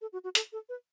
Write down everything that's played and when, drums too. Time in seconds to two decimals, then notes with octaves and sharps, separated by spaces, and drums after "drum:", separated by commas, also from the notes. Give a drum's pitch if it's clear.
0.01 A4
0.13 F#4
0.24 F#4
0.35 A4, drum: hi-hat
0.52 A4
0.69 B4